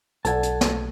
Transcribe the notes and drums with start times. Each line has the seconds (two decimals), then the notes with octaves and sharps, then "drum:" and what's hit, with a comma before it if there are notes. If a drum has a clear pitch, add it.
0.25 B1 A4 D5 F#5 A5 G#6, drum: hi-hat
0.43 drum: hi-hat
0.61 drum: snare